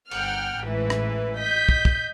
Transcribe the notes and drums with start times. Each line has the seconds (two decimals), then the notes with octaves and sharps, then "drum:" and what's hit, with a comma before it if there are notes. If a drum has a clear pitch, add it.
0.11 G1 F#5 G5 F6, drum: cymbal
0.63 A1 G#2 E3 E4 B4
0.90 drum: rim click
1.38 D#5 G6 B6
1.69 drum: kick
1.85 drum: kick